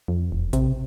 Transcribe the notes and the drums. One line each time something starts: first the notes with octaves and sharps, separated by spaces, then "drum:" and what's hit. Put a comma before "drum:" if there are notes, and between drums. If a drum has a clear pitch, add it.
F2
E1
C3, drum: kick A1, hi-hat